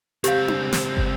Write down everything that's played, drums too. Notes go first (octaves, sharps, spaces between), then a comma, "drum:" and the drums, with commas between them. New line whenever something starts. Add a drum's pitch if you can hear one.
C#2 C4 G4 F5, drum: hi-hat
drum: tom D4
drum: snare
drum: kick